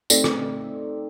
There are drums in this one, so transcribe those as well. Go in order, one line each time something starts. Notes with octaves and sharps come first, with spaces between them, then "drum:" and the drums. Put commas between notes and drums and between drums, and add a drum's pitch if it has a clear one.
A3 C4 D#4 A4 D5, drum: tambourine
drum: rim click